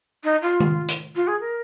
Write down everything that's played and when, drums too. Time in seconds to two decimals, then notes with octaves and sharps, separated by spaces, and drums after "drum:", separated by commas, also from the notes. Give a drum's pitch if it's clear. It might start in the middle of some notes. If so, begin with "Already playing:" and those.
0.24 D#4
0.42 F4
0.60 drum: tom D#3
0.88 drum: hi-hat
1.16 F4
1.27 G#4
1.40 A#4